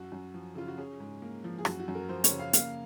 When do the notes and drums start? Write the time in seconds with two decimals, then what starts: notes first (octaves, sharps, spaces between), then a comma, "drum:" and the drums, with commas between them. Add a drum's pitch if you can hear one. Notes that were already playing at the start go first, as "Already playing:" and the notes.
Already playing: F#2 F#4
0.12 F#2
0.34 F3
0.55 C#3 F4
0.68 F#4
0.77 C#4 G#4
1.00 G#2
1.22 A#3
1.44 F3
1.59 G#4
1.65 F#2 F#4, drum: rim click
1.80 F#4
1.88 F#2
1.95 A#4
2.09 F3 C5
2.24 C#5, drum: hi-hat
2.31 C#3
2.39 F5
2.53 A#3 F5, drum: hi-hat